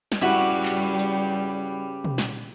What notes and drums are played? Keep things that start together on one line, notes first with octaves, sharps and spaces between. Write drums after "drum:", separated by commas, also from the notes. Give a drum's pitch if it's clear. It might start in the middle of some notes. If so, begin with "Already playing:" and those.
drum: snare
C#3 G3 E4 F#4 G4 B4
drum: clap
drum: hi-hat
drum: tom
drum: snare